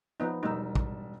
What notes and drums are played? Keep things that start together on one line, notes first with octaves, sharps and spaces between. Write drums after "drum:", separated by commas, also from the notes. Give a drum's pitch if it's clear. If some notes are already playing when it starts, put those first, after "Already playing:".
F3 B3 D#4
E1 G3 D#4 E6
drum: kick